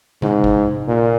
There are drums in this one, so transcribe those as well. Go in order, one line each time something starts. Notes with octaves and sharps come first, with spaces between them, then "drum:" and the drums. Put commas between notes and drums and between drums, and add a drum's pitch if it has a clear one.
G#2, drum: tom C3
drum: kick G1
A#2